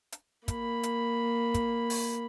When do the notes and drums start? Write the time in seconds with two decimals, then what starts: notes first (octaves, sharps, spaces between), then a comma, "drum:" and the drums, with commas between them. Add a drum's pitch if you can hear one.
0.12 drum: hi-hat
0.48 A#3 B5, drum: kick, hi-hat
0.83 drum: hi-hat
1.54 drum: kick, hi-hat
1.90 drum: open hi-hat